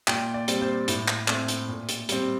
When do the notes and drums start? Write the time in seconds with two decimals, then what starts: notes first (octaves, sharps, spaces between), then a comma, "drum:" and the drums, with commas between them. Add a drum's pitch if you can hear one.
0.08 A#2 G5, drum: clap
0.34 D5
0.48 G3 C4, drum: hi-hat
0.62 C5
0.88 A2, drum: hi-hat
1.08 drum: clap
1.28 A3 C4, drum: clap
1.48 drum: hi-hat
1.68 A#2
1.89 drum: hi-hat
2.09 G3 C4, drum: hi-hat